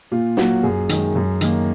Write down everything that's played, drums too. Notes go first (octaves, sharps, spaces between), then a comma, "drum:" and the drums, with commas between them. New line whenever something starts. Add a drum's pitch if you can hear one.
A#2 F4
F#3 A#3 F#4, drum: snare
F#2 G#4
D#3 G#3, drum: hi-hat
F#2
D#3 A#3, drum: hi-hat